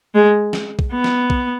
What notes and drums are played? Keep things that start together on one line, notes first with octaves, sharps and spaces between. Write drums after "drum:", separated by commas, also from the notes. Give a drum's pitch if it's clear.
G#3
drum: snare
drum: kick
B3
drum: snare
drum: kick